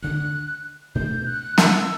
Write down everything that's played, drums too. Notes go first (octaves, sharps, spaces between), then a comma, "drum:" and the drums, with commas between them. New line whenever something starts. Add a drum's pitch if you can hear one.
D2 D3 G3 D4 F#6
B2 A3 D4 G6
F#6
E6, drum: snare